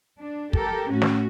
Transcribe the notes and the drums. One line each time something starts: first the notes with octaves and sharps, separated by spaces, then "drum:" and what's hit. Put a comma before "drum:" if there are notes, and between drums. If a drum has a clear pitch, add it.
D4
G4 A4 A#4, drum: kick
A2 C#4 F#4
drum: snare